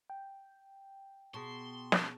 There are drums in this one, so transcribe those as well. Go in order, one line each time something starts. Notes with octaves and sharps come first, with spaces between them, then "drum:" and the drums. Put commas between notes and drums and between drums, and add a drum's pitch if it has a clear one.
G5
B2 G#4 A5 C6 C#6
drum: snare